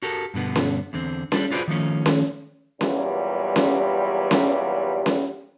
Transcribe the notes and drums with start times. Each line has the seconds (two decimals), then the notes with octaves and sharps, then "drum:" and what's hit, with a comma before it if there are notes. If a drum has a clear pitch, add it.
0.02 F#4 G4 A4 A#4
0.34 G2 B2 D3 B3
0.56 drum: snare C#4
0.93 E2 D3 C4
1.32 G3 D4, drum: snare C#4
1.51 F4 F#4 G#4 B4 C5 D5
1.68 D#3 F3 A3 C#4
2.06 drum: snare C#4
2.81 E2 G2 A#2 F#3 G3, drum: snare C#4
3.56 drum: snare C#4
4.31 drum: snare C#4
5.06 drum: snare C#4